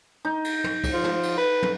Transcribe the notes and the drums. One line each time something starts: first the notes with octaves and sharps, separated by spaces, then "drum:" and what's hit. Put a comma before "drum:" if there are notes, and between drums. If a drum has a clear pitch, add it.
D#4
drum: cymbal
drum: tom
drum: kick, cymbal
F3
drum: snare
drum: cymbal
B4
drum: tom